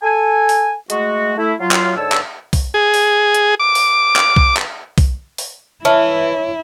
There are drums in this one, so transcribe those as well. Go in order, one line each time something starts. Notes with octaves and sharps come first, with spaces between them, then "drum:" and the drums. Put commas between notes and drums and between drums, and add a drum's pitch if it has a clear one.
A4 G#5
drum: open hi-hat
G#3 A3 F#4, drum: hi-hat
A3 E4
F#3 F4
drum: clap
G#2 D3 C#5 A5 E6
drum: clap
drum: kick, open hi-hat
G#4
drum: open hi-hat
drum: hi-hat
D6
drum: open hi-hat
drum: clap
drum: kick
drum: clap
drum: kick, open hi-hat
drum: open hi-hat
E3 E4 C#5 A5 F6